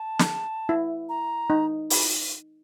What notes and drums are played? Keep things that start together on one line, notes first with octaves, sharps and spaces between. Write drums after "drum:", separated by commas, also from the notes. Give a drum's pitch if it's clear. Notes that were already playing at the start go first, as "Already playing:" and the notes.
Already playing: A5
drum: snare
E4
A#5
D#4
B5, drum: open hi-hat